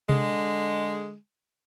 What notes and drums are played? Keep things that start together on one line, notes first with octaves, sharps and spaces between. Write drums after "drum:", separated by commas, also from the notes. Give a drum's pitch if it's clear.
D3 G#3, drum: tom C3